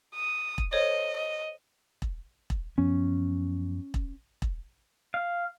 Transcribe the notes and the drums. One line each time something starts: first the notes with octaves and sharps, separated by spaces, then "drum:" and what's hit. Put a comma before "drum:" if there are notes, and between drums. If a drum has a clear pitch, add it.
D#6
drum: kick E1
A4 C5 C#5 D#5
D#5
drum: kick E1
drum: kick E1
F#2 F3 B3 C#4
drum: kick E1
drum: kick E1
F5